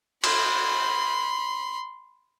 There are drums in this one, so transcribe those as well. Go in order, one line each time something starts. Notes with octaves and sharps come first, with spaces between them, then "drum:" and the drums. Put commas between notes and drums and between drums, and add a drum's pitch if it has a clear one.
B5 C6, drum: cymbal